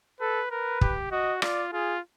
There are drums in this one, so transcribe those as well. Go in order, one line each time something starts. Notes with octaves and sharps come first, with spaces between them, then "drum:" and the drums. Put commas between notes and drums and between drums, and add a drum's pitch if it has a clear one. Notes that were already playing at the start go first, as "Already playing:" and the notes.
A4 B4
A#4 B4
G4, drum: kick
F#4 D#5
F4 D5, drum: rim click
F4 G#4